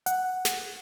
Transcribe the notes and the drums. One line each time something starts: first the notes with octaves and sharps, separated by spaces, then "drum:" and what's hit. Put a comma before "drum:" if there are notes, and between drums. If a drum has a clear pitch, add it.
F#5, drum: hi-hat
drum: snare